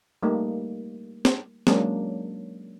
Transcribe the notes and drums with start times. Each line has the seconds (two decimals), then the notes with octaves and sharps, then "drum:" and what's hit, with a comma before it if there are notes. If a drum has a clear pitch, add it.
0.23 G3 A3 A#3 D#4
1.25 drum: snare
1.67 F#3 G#3 A#3 C#4 D4, drum: snare